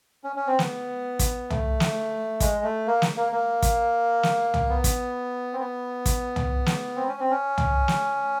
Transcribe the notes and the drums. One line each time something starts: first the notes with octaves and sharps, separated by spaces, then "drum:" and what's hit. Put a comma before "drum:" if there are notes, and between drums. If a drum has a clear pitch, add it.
C#4
C#4
C4
B3, drum: snare
drum: kick, hi-hat
A3, drum: tom
drum: snare
G#3, drum: kick, hi-hat
A3
A#3
drum: snare
A#3
A#3
drum: kick, hi-hat
drum: snare
drum: tom
B3
drum: kick, hi-hat
C4
B3
drum: kick, hi-hat
drum: tom
drum: snare
C4
C#4
C4
C#4
drum: tom
drum: snare